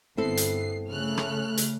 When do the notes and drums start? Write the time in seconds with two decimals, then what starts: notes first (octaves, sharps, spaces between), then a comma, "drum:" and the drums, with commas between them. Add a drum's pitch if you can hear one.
0.17 G1 B3 C4 E4 A4 C7
0.37 drum: hi-hat
0.88 C#3 A3 F6 F#6
1.17 drum: rim click
1.57 drum: hi-hat